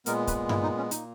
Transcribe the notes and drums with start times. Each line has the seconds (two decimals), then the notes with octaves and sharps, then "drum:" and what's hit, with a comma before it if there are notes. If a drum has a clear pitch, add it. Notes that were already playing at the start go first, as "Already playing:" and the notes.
0.06 A#2 G#3 B3 A#4, drum: hi-hat
0.27 B4, drum: kick, hi-hat
0.49 E4, drum: tom G2
0.63 D#4
0.77 C#4
0.91 A#2 A#3 D#4, drum: hi-hat